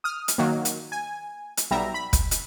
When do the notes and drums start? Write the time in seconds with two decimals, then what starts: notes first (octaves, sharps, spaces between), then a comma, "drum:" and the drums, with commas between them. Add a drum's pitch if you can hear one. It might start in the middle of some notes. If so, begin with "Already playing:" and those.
0.04 D#6 F6
0.28 drum: hi-hat
0.38 D#3 F#3 A#3
0.65 drum: hi-hat
0.92 G#5
1.57 drum: hi-hat
1.71 B1 G3 E5 A#5
1.94 B5
2.13 drum: kick, hi-hat
2.31 drum: hi-hat